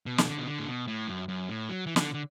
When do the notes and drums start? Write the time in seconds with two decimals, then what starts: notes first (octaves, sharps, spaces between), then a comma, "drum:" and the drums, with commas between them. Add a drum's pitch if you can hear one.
0.06 B2
0.18 E3, drum: snare
0.27 D3
0.38 B2
0.47 D3
0.59 A2
0.67 B2
0.87 A2
1.08 F#2
1.28 F#2
1.49 A2
1.69 F#3
1.86 E3
1.96 D3, drum: snare
2.14 D3